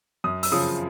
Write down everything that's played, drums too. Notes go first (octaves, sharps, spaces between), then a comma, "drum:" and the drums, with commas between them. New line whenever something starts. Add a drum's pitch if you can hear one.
F#2 D#6
E6, drum: open hi-hat
C#3 F3 D#6